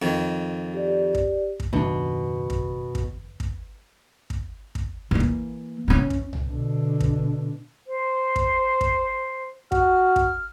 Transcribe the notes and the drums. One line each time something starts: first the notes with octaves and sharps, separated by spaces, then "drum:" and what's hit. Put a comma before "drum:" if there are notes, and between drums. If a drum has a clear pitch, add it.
F2 D#3
G4 D5
drum: kick
drum: kick
F#1 D#2 B2 D4
drum: kick
drum: kick
drum: kick
drum: kick
drum: kick
E3 A#3
drum: kick
E3 C#4
drum: kick
drum: tom
B2 D3
drum: kick
C5
drum: kick
drum: kick
F#4 F6, drum: kick
drum: kick